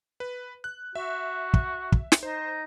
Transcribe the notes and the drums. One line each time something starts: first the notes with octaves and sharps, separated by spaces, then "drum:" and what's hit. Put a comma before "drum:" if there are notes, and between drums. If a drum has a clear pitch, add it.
B4
F#6
F#4 E5
drum: kick
drum: kick
drum: snare
D#4 C5